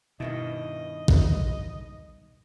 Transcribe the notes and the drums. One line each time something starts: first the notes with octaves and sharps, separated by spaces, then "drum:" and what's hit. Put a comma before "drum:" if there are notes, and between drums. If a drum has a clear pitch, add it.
G2 B2 D#3 E4 D#5
drum: kick